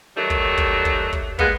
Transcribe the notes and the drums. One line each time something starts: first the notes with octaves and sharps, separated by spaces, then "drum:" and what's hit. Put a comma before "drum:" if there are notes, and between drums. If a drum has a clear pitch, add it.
D#3 F#3 G3 A3
drum: kick
drum: kick
drum: kick
drum: kick
G#3 A#3 B3, drum: kick